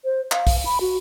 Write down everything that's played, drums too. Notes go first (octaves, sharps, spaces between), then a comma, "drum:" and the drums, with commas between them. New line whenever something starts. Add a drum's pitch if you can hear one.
C5
F5, drum: clap
drum: kick B1, open hi-hat
B5
F#4